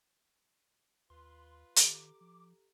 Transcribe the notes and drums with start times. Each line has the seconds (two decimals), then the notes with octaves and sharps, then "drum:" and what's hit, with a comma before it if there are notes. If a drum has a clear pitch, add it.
1.10 D#2 F4 B4 C6
1.76 D#3 G4 A4 A#5 D6, drum: hi-hat
2.21 F3